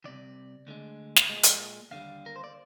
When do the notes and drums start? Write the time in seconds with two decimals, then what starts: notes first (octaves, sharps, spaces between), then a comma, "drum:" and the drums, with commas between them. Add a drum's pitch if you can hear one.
0.04 C2 C3 D#3 D5
0.67 D2 D3 G#3
1.16 drum: snare
1.29 A#2 G#3
1.43 drum: hi-hat
1.91 D#2 D3 G3 F5
2.26 A#4
2.36 C5
2.44 D5